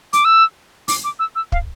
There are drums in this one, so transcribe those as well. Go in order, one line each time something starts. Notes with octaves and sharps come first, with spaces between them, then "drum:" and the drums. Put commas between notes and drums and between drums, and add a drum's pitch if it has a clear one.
D6, drum: hi-hat
E6
D6, drum: open hi-hat
D6
E6
E6
F5, drum: kick